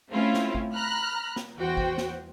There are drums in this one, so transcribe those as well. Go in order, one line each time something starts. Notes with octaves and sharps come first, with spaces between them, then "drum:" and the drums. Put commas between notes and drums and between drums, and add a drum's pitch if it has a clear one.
A3 C4 C#4 E4 F4
drum: snare
drum: kick
A#5 B5 F6 F#6
drum: snare
E2 E3 F#4 C5 G5
drum: kick
drum: snare